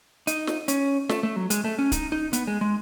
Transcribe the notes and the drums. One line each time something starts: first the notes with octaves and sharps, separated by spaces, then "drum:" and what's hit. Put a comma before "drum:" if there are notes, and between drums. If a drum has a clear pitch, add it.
D#4, drum: hi-hat
drum: snare
C#4, drum: hi-hat
A3, drum: snare
A3
F#3
G#3, drum: hi-hat
A3
C#4
D#4, drum: kick, hi-hat
D#4
B3, drum: hi-hat
G#3
G#3